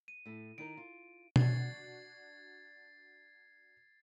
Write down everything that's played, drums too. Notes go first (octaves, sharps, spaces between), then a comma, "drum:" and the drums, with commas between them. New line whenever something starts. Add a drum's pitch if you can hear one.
D#7
A2 A4
D#3 D#4 A#4 D7
F4
D4 F#4 G#6 A6 C7, drum: tom